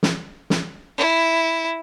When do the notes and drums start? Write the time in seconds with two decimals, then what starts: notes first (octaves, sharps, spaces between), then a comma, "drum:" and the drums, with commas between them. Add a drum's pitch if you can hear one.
0.03 drum: snare
0.50 drum: snare
0.98 E4